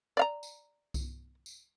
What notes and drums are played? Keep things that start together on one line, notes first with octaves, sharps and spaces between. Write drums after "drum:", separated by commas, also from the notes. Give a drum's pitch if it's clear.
D5 F5 A#5
drum: tambourine
drum: kick C2, tambourine
drum: tambourine